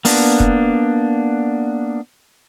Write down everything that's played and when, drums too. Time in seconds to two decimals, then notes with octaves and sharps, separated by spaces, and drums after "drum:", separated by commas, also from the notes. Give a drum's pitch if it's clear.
0.05 A#3 B3 D4, drum: open hi-hat
0.40 drum: kick